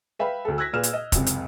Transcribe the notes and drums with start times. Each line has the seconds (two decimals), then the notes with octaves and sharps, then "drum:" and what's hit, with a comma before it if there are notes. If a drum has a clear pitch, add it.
0.19 B4 E5 F5 G5 B5
0.45 D2 A4
0.58 E6 F#6 G#6 A#6 B6
0.73 A#2 G#4 B4 F6 E7
0.83 drum: hi-hat
0.93 D#5
1.12 F#1 C#2 C3, drum: kick, hi-hat
1.26 drum: hi-hat